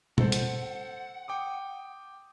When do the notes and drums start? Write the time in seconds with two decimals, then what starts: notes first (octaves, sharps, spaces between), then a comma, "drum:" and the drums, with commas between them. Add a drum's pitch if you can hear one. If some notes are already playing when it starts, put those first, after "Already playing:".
0.18 A4 C5 F#5, drum: tom
0.32 drum: hi-hat
1.28 G5 D6 D#6